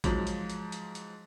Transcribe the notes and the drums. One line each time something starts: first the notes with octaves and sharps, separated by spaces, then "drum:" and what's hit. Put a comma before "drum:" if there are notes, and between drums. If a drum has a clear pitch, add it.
G#2 F3 F#3, drum: kick A1, hi-hat
drum: hi-hat
drum: hi-hat
drum: hi-hat
drum: hi-hat